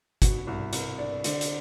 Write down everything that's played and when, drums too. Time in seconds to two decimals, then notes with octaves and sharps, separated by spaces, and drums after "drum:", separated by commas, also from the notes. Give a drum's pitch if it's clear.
0.22 B2, drum: kick G1, hi-hat
0.47 C2
0.73 C2, drum: hi-hat
0.98 D4
1.24 D3, drum: hi-hat
1.41 drum: hi-hat